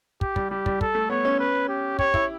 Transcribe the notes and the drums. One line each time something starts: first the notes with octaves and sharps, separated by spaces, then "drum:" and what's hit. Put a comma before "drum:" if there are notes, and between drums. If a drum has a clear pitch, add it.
G4, drum: kick
G3, drum: kick
G3 G4
G3, drum: kick
A4, drum: kick
A3
B3 C#5
C#4
B4
G4
G4 C#5, drum: kick
E4, drum: kick